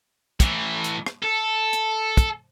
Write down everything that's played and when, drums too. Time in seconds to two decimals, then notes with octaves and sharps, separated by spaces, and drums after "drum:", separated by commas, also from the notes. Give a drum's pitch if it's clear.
0.40 A2 E3, drum: kick, hi-hat
0.84 drum: hi-hat
1.06 drum: rim click
1.23 A4
1.73 drum: hi-hat
2.17 drum: kick, hi-hat